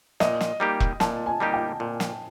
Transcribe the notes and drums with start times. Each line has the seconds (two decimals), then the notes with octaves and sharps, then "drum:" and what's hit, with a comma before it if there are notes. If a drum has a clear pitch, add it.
0.20 A#2 D#5, drum: snare
0.41 drum: snare
0.60 G3 A#3 D#4 G4
0.80 drum: kick E1
1.00 A#2 A5, drum: snare
1.26 G#5
1.40 G3 A#3 D#4 G4
1.54 G5
1.80 A#2
2.00 drum: snare